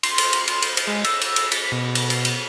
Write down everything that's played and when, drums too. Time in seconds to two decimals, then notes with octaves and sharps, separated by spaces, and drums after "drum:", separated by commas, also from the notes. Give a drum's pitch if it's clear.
0.03 C6, drum: cymbal
0.18 drum: cymbal
0.33 drum: cymbal
0.48 drum: cymbal
0.62 drum: cymbal
0.77 drum: cymbal
0.87 G#3
1.04 E6, drum: cymbal
1.21 drum: cymbal
1.36 drum: cymbal
1.52 B6, drum: cymbal
1.72 B2
1.95 drum: cymbal
2.10 drum: cymbal
2.25 drum: cymbal